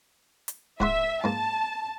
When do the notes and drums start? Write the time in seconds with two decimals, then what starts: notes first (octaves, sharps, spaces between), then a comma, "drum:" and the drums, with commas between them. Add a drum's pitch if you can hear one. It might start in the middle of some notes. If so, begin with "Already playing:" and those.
0.48 drum: hi-hat
0.80 G#2 E5 F#5 C6, drum: kick D1
1.24 G#2 A#3 A5